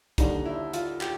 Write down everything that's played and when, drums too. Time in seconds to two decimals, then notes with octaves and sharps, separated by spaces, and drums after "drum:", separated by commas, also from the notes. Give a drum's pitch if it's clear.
0.18 D#2 D3 G3 D#4, drum: kick, hi-hat
0.46 E4
0.73 F4, drum: hi-hat
1.01 G4, drum: clap